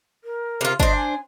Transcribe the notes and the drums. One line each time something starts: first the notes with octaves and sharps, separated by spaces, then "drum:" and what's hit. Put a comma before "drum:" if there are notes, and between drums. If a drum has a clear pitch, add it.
A#4
C3 F4
D4 C5 D#5, drum: kick G1
G#5